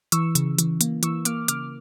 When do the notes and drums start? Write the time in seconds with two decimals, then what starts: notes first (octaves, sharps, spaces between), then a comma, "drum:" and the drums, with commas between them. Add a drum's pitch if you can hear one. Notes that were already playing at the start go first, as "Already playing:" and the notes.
0.12 E3 C#6 E6, drum: hi-hat
0.35 C#3, drum: hi-hat
0.59 E3, drum: hi-hat
0.81 A#3, drum: hi-hat
1.03 E3 C#6 E6, drum: hi-hat
1.25 A#3 D6 F6, drum: hi-hat
1.48 C#3 D6 F6, drum: hi-hat